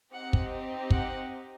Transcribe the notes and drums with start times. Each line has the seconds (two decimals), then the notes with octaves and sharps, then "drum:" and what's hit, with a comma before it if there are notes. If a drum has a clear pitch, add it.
0.13 C4 D#4 G4 F#5
0.33 drum: kick
0.90 F#5, drum: kick